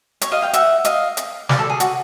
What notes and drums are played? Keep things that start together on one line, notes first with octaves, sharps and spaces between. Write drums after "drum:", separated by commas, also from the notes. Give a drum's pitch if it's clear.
C#5, drum: hi-hat
D#5 F5
F5 G5
E5 F#5, drum: hi-hat
D#5 F5, drum: hi-hat
drum: hi-hat
D5, drum: snare
A4
G#4
F#4, drum: hi-hat